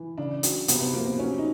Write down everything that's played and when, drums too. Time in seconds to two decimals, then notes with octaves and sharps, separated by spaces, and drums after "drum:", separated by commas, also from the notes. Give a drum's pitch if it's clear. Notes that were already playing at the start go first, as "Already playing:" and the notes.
Already playing: E3
0.18 C#3 D4
0.43 F#3, drum: hi-hat
0.68 C3 B3, drum: hi-hat
0.81 B3
0.93 F3 A#3
1.06 B3
1.19 F#3 C#4
1.38 D#4